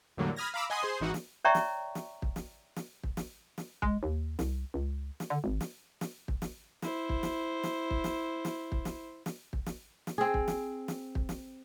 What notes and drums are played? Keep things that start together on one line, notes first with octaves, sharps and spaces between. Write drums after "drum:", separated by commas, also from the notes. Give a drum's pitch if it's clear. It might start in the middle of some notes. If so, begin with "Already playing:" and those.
E2 A2 D3 F#3 G3 A#3
B5 D#6 F6 G#6 A#6
F5 A#5 B5 D6 E6
D#5 F#5 G#5 B5 C6 D#6
G#4 C5 C6
G#1 E3 D#4 F#4 F#5
drum: snare
C#5 D5 E5 G5 A#5 C#6
drum: snare
drum: snare
drum: kick
drum: snare
drum: snare
drum: kick
drum: snare
drum: snare
G#3, drum: kick
D#2
C2, drum: snare
C#2
drum: snare
D3
G#1
drum: snare
drum: snare
drum: kick
drum: snare
E4 C5, drum: snare
drum: kick
drum: snare
drum: snare
drum: kick
drum: snare
drum: snare
drum: kick
drum: snare
drum: snare
drum: kick
drum: snare
drum: snare
C4 G#4
drum: kick
drum: snare
drum: snare
drum: kick
drum: snare